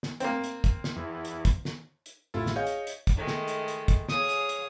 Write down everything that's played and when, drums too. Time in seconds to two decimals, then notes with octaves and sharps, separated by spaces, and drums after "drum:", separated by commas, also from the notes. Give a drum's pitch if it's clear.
0.03 drum: snare
0.20 A#3 C4, drum: hi-hat
0.44 drum: hi-hat
0.64 drum: kick, hi-hat
0.84 drum: snare
0.96 E2
1.25 drum: hi-hat
1.45 drum: kick, hi-hat
1.65 drum: snare
2.06 drum: hi-hat
2.34 A1 E4 F4 A4
2.46 drum: snare
2.56 G#4 C#5 D#5 F5 G6
2.67 drum: hi-hat
2.87 drum: hi-hat
3.07 drum: kick, hi-hat
3.16 D#3 G#3 A3
3.27 drum: snare
3.48 drum: hi-hat
3.68 drum: hi-hat
3.88 drum: kick, hi-hat
4.09 G#4 C#5 F5 D#6, drum: snare
4.29 drum: hi-hat
4.49 drum: hi-hat